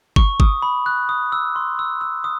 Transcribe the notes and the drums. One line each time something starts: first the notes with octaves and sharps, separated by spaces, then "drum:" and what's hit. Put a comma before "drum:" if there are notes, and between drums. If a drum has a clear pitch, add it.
C#6, drum: kick G1
D#6, drum: kick G1
B5
F#6
D#6
E6
C6
E6
E6
D#6